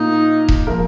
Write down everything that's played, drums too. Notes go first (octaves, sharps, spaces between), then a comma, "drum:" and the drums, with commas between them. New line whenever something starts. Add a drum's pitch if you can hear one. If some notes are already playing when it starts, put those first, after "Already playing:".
Already playing: A#2 A#3 D#4 F4
drum: kick E1
A#2 F3 G#3 F4 A#4